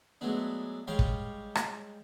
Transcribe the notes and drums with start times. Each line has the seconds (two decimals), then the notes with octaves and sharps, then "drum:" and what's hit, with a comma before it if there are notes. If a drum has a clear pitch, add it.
0.21 F#3 G#3 A3 B3 D4
0.87 G3 G#3 G4 C#5 F5
0.99 drum: kick
1.55 drum: rim click